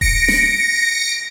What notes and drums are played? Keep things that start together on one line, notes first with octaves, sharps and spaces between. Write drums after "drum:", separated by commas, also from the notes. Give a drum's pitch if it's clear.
A#6 C#7 D7, drum: kick D#1
drum: snare